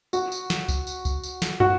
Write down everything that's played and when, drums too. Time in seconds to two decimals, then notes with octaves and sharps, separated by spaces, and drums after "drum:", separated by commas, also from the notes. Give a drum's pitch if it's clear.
0.13 F#4, drum: tambourine
0.32 drum: tambourine
0.50 drum: snare
0.68 drum: kick C#2, tambourine
0.87 drum: tambourine
1.05 drum: kick C#2, tambourine
1.23 drum: tambourine
1.42 drum: snare
1.60 F#4, drum: tom